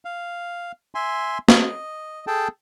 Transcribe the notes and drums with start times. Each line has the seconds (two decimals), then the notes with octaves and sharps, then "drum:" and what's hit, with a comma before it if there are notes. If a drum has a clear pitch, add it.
0.05 F5
0.95 E5 G#5 C6
1.48 D#5, drum: snare
2.27 G#4 A4 G5 A5